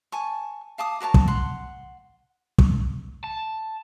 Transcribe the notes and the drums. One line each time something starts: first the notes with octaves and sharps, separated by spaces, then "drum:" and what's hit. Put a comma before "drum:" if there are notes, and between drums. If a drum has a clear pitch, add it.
G#5 A5 C#6
F5 A5 D6 D#6
F#4 A#4 C#5 A5
drum: kick
F#5 C6
drum: kick
A5